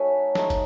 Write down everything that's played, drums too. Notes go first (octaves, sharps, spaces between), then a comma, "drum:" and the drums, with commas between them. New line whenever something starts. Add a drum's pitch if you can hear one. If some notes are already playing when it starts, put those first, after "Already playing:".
Already playing: A3 D#4 F#4 C#5 E5 G#5
A3 D#4, drum: snare
drum: kick, hi-hat